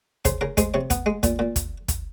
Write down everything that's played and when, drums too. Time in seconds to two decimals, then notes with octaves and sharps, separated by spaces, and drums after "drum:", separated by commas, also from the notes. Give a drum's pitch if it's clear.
0.25 C#3 C5, drum: kick, hi-hat
0.41 C#3 A#4
0.57 G#3 C5, drum: kick, hi-hat
0.74 C3 C#5
0.90 B3, drum: kick, hi-hat
1.06 G#3
1.23 A#2, drum: kick, hi-hat
1.39 A#2
1.56 drum: kick, hi-hat
1.88 drum: kick, hi-hat